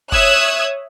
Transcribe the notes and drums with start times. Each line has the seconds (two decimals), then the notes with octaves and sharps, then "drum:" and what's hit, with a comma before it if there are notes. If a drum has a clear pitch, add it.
0.12 C#5 E5 D#6 E6 F#6 G#6, drum: kick F#1